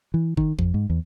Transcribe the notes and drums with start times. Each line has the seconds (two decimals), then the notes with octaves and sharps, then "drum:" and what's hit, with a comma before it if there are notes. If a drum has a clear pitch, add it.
0.14 E3
0.37 D#3, drum: kick
0.59 F2, drum: kick
0.74 G#2
0.90 E2